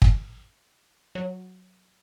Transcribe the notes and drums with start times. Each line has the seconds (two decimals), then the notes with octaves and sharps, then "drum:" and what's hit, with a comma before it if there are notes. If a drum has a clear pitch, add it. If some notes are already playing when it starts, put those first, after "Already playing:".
0.02 drum: kick
1.15 F#3